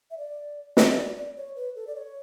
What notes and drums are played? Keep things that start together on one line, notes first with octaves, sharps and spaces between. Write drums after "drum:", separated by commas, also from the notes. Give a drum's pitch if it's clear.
E5
D5
E5, drum: snare
E5
D5
D5
C#5
B4
A4
D5
C#5